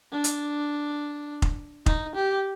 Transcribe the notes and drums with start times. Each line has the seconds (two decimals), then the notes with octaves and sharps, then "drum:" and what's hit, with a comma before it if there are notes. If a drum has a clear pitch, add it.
0.12 D4
0.24 drum: hi-hat
1.42 drum: kick
1.86 D#4, drum: kick
2.15 G4